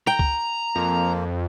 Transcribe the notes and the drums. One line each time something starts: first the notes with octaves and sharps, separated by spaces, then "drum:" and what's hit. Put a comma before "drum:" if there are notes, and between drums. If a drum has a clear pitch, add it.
G5 A#5
drum: kick C#2
F2 F3 A#3